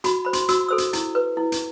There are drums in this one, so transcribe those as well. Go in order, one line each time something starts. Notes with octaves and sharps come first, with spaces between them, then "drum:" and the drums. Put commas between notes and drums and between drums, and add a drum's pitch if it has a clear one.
F#4 B5, drum: hi-hat
C5 B5
C6, drum: hi-hat
F#4 E6, drum: hi-hat
A4 C5 E6
drum: hi-hat
E4, drum: hi-hat
B4
E4
drum: hi-hat